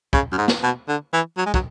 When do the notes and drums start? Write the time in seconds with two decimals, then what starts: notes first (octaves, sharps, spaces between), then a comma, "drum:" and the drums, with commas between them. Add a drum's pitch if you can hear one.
0.13 C#3, drum: kick
0.32 F#2
0.38 G#2
0.48 drum: snare
0.63 B2
0.88 D3
1.13 E3
1.38 F#3
1.46 G#3
1.54 F#3, drum: kick